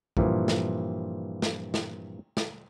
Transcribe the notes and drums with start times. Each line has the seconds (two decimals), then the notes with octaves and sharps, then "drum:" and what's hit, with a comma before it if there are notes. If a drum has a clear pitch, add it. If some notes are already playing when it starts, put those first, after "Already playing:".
0.17 G2 A#2 E3 F3, drum: kick
0.48 drum: snare
1.42 drum: snare
1.74 drum: snare
2.37 drum: snare